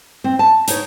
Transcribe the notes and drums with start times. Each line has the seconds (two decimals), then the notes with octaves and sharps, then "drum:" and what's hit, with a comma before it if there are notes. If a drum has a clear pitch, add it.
0.24 C4
0.39 A5
0.68 D#4 C#5, drum: hi-hat